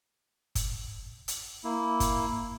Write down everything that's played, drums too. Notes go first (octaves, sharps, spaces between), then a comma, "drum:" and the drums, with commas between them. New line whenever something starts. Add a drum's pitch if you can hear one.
drum: kick, hi-hat
drum: hi-hat
A#3 E4
drum: kick, hi-hat